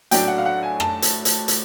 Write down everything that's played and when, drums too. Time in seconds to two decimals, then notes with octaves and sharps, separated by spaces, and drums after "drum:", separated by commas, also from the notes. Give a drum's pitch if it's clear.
0.11 A2 F#3 A3 D4 G5, drum: hi-hat
0.28 F#5
0.38 F5
0.46 F#5
0.63 G#5
0.80 A5, drum: rim click
1.02 drum: hi-hat
1.25 drum: hi-hat
1.48 drum: hi-hat